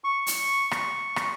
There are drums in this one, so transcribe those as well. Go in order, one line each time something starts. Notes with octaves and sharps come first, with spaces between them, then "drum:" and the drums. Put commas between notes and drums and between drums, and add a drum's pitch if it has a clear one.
C#6
drum: hi-hat
drum: rim click
drum: rim click